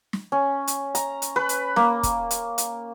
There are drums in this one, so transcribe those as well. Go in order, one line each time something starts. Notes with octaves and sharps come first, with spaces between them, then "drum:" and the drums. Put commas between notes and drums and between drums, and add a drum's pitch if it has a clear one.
drum: snare
C#4
drum: hi-hat
A#5, drum: hi-hat
drum: hi-hat
B4
drum: hi-hat
A#3, drum: snare
drum: kick, hi-hat
drum: hi-hat
drum: hi-hat